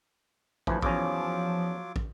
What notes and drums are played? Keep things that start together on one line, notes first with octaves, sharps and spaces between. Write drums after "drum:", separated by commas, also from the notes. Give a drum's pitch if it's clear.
D2 E3 F3, drum: kick
E2 F#3 C#4 F4 D6, drum: kick
drum: kick